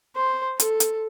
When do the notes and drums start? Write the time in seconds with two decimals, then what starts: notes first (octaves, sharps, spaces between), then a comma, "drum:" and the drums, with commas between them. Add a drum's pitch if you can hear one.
0.16 C5
0.60 A4, drum: hi-hat
0.80 drum: hi-hat